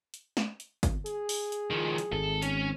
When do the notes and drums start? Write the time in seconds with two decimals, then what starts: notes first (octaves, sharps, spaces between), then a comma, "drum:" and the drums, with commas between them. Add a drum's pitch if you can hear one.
0.14 drum: hi-hat
0.37 drum: snare
0.60 drum: hi-hat
0.83 drum: kick, hi-hat
1.06 G#4, drum: hi-hat
1.29 drum: open hi-hat
1.52 drum: hi-hat
1.70 D#3 F3
1.98 drum: hi-hat
2.13 G#1 A4
2.42 C#4, drum: hi-hat